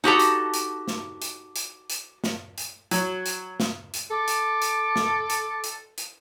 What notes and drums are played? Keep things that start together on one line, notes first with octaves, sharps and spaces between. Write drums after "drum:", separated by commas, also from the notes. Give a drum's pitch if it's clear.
D#4 F#4 G4 A4
drum: hi-hat
drum: hi-hat
drum: snare
drum: hi-hat
drum: hi-hat
drum: hi-hat
drum: snare
drum: hi-hat
F#3, drum: hi-hat
drum: hi-hat
drum: snare
drum: hi-hat
A4 D6
drum: hi-hat
drum: hi-hat
drum: snare
drum: hi-hat
drum: hi-hat
drum: hi-hat